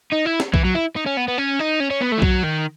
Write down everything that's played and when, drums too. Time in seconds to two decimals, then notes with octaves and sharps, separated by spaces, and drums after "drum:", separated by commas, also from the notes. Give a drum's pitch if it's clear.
0.12 D#4
0.25 E4
0.40 drum: snare
0.54 E3, drum: kick B1
0.65 F#3
0.75 E4
0.96 D#4
1.06 C#4
1.17 B3
1.28 B3
1.38 C#4
1.59 D#4
1.80 C#4
1.91 C#4
2.01 B3
2.12 A3
2.18 E3
2.22 F#3, drum: kick B1
2.44 D#3